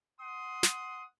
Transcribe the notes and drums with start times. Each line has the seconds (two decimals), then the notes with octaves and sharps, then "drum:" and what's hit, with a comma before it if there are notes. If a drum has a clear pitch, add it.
0.19 F#5 C6 D#6
0.63 drum: snare